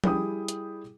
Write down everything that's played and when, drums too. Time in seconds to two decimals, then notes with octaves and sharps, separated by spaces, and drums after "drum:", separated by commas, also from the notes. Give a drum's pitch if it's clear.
0.04 G3 E4 G#4 G5 D#6, drum: tom F3
0.48 drum: hi-hat